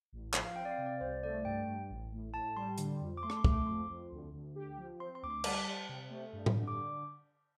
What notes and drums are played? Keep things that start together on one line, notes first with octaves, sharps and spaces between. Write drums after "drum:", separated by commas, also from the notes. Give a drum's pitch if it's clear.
A1
F3, drum: clap
F5
C4 G5
D5
F5
C3
D5
C2 C5
A3 D5
G2 G5
G2
A1
A2
A2 A5
G3 C6
D3, drum: hi-hat
F2
D6
A3 C6
D6, drum: rim click
C6
A3, drum: kick
D6
F2 C6
F2
D2
D2
G4
F3
C4 C6
C6
D2 D6
C6
G3 A5, drum: cymbal
G4
C3
A3
G2
drum: tom A2
D3
D6